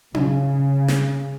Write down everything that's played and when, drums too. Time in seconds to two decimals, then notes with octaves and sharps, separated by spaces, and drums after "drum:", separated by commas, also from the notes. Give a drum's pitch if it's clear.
0.14 C#3, drum: tom C#4
0.88 drum: snare